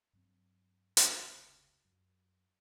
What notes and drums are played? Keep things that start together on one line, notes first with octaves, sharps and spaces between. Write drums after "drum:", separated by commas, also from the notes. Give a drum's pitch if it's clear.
G2 F#3 C4
F1 C#2, drum: hi-hat
F#2